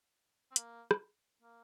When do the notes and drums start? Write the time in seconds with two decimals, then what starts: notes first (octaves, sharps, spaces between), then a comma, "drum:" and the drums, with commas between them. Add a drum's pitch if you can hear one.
0.51 C4
0.56 A#3, drum: hi-hat
0.91 drum: rim click
1.42 A#3